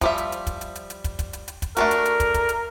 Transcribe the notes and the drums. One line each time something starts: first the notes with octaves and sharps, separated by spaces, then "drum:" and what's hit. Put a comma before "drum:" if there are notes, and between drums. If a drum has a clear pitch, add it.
F3 G3 E5, drum: kick, hi-hat
drum: hi-hat
drum: hi-hat
drum: kick, hi-hat
drum: hi-hat
drum: hi-hat
drum: hi-hat
drum: kick, hi-hat
drum: kick, hi-hat
drum: hi-hat
drum: hi-hat
drum: kick, hi-hat
A3 D4 F#4 A#4, drum: hi-hat
drum: hi-hat
drum: hi-hat
drum: kick, hi-hat
drum: kick, hi-hat
drum: hi-hat